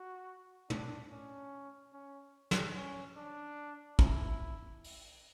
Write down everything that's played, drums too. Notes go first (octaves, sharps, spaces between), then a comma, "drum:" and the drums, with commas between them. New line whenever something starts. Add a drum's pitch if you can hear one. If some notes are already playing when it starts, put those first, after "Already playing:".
Already playing: F#4
D4, drum: tom
C#4
C#4
drum: snare
C#4
D4
E4, drum: kick
drum: open hi-hat